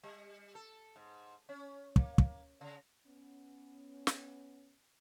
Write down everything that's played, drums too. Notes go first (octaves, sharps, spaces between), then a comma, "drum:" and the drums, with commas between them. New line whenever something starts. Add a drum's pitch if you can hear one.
G3
A4
G#2
C#4
A#3, drum: kick
drum: kick
C#3
B3 C#4
drum: snare